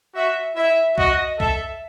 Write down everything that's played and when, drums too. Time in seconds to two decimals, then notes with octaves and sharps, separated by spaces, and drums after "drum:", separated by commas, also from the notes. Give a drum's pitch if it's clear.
0.15 F#4 E5
0.56 E4 E5
0.98 F#4 D#5, drum: kick
1.40 A4 E5, drum: kick